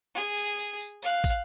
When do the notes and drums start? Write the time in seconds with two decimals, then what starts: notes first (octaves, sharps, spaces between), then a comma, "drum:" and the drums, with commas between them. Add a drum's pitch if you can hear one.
0.15 G#4
0.37 drum: tambourine
0.59 drum: tambourine
0.81 drum: tambourine
1.02 F5 F#6, drum: tambourine
1.24 drum: kick, tambourine